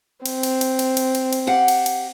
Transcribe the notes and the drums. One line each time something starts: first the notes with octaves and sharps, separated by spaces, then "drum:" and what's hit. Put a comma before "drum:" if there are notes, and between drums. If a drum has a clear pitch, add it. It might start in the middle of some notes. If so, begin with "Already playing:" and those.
C4, drum: cymbal
drum: cymbal
drum: cymbal
drum: cymbal
drum: cymbal
drum: cymbal
drum: cymbal
G4 F5 F#5
drum: cymbal
drum: cymbal